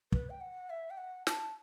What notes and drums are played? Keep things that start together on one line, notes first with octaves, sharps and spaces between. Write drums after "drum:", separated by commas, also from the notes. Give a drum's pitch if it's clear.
B4, drum: kick
G5
F#5
E5
G5
F#5
A5, drum: snare